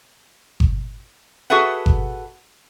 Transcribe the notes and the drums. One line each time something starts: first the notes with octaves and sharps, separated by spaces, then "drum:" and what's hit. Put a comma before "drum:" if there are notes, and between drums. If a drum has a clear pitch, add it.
drum: kick G1
F#4 G#4 A4 B4 E5 F#5
drum: kick G1